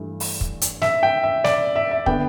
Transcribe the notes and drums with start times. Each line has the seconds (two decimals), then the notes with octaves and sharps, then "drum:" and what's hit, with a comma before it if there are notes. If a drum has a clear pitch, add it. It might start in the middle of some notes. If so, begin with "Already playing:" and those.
Already playing: G2 E3 A3
0.20 drum: open hi-hat
0.41 drum: kick
0.61 drum: hi-hat
0.82 E5, drum: snare
1.03 G5
1.23 E5
1.44 D5, drum: snare
1.76 E5
1.91 E5
2.06 D3 B3 G5, drum: kick